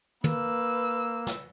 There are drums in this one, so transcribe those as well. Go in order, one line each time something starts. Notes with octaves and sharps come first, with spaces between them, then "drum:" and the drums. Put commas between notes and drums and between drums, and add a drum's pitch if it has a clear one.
A#3 B4 E6, drum: tom
drum: snare